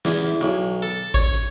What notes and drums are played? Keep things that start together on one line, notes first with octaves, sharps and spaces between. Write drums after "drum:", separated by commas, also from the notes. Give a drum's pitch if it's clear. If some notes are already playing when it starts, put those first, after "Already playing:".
E2, drum: snare
B1
A4
C#5, drum: kick G#1
drum: hi-hat